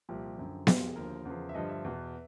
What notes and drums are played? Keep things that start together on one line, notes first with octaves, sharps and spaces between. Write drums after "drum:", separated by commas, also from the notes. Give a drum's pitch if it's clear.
C2 A#2 F3 G4
F#2 D3 F3
F2 C3 F3 G4, drum: snare B3
F4
G#4
D#2 D3 F3 A#4
E2 C#3 F3
E5
G2 D3 F3 D#5
E5
E2 B2